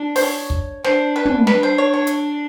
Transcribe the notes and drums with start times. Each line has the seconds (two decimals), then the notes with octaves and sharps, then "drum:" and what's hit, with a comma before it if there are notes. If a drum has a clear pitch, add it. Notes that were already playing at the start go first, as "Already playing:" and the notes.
Already playing: D4
0.16 C5, drum: open hi-hat
0.22 C#5
0.50 drum: kick
0.84 D4 C5, drum: snare
1.16 B4
1.25 drum: tom
1.47 D4 B4, drum: snare
1.63 C5
1.78 C#5
1.93 C#5
2.07 drum: hi-hat